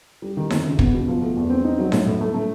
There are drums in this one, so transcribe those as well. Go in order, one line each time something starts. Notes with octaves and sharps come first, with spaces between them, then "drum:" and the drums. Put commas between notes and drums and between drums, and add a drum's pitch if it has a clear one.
G3
D#3
F2, drum: snare D#4
C#3
B3, drum: kick
B2
F3
A3
E2
C4
D#4
F#3
A2, drum: snare D#4
A2
A3
A3